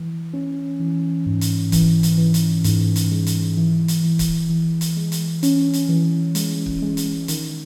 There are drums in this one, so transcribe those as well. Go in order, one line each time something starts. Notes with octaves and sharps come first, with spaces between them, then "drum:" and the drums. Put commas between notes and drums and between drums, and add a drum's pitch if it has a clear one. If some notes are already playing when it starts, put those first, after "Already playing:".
Already playing: E3
C#4
E3
G#2
drum: hi-hat
E3, drum: kick C#1, hi-hat
drum: hi-hat
E3
drum: hi-hat
G#2, drum: hi-hat
drum: hi-hat
G#3
drum: hi-hat
E3
drum: hi-hat
E3
drum: kick C#1, hi-hat
E3
drum: hi-hat
G#3
drum: hi-hat
C#4, drum: hi-hat
drum: hi-hat
E3
G#3, drum: hi-hat
drum: kick C#1
G#3
drum: hi-hat
D#3, drum: hi-hat